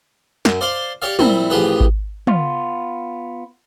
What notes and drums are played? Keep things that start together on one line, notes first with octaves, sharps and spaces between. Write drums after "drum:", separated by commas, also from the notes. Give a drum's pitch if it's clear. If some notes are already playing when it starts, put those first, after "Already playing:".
F#2, drum: snare
C5 D5 F5 C6
G4 C#5 D5 F5
A#2 G3 C4 E4, drum: tom
A1 F3 G4 G#4 B4
drum: kick G#1
B3 F4, drum: tom